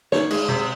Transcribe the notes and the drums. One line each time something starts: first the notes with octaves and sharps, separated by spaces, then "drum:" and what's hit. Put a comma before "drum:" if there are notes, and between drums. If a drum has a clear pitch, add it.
D#3 C#5, drum: snare
G#3, drum: cymbal
C3